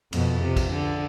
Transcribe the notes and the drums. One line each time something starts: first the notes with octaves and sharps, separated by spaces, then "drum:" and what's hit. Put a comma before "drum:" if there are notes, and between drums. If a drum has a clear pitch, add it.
F2 B2, drum: cymbal
C3
drum: kick A#1, cymbal
D3